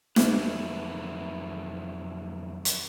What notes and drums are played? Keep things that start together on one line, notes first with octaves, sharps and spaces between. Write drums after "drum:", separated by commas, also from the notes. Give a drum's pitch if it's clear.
F2 B2 D#3 F#3 E4 B4, drum: snare
drum: hi-hat